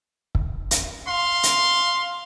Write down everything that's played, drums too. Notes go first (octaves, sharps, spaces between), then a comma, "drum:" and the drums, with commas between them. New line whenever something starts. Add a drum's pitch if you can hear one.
drum: kick
drum: hi-hat
F5 C6
drum: hi-hat